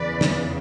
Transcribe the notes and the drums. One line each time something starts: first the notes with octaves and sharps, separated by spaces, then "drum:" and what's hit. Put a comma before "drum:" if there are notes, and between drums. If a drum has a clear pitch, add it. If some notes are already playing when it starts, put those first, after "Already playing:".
Already playing: E2 C#3 E3 B4 D5
drum: snare